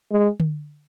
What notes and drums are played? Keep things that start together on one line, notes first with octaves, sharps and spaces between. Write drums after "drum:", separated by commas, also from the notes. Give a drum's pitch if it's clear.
G#3
drum: tom D3